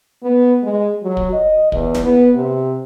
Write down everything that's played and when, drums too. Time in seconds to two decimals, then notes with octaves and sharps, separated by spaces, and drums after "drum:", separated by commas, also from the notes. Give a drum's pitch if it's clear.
0.23 B3
0.63 G#3
1.03 F#3
1.17 drum: kick
1.32 D#5
1.72 E2, drum: kick
1.95 drum: snare
2.04 B3
2.35 C3